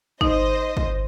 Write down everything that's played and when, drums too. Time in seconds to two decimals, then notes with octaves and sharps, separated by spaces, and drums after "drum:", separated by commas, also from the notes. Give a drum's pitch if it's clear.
0.21 D#4 C5 D#5, drum: kick
0.77 drum: kick